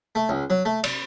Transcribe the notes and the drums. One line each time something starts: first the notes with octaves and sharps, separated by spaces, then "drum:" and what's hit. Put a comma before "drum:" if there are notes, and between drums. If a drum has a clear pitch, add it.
A3
C#2
F#3
A3
D5, drum: cymbal